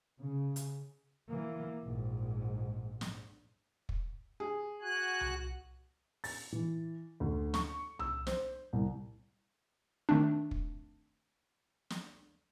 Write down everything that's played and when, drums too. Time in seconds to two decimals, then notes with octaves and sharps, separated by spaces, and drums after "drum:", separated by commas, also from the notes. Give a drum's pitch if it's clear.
0.20 C#3
0.56 drum: hi-hat
1.29 E3 A#3
1.83 A#1 G#2
3.01 drum: snare
3.89 drum: kick
4.40 G#4
4.83 F#4 G#5 F#6
5.21 drum: tom C2
6.24 A6, drum: open hi-hat
6.52 E3
7.20 D2
7.54 C#6, drum: snare
7.99 E6, drum: tom C2
8.27 C5, drum: snare
8.73 C2
10.09 D#3 A3 C4 D4
10.51 drum: kick
11.90 drum: snare